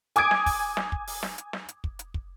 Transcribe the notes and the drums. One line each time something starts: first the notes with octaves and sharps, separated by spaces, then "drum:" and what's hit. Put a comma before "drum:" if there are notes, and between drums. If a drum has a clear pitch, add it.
G#5 D6 D#6 G#6 D7, drum: hi-hat
drum: snare
drum: kick, open hi-hat
drum: snare
drum: kick
drum: open hi-hat
drum: snare
drum: hi-hat
drum: snare
drum: hi-hat
drum: kick
drum: hi-hat
drum: kick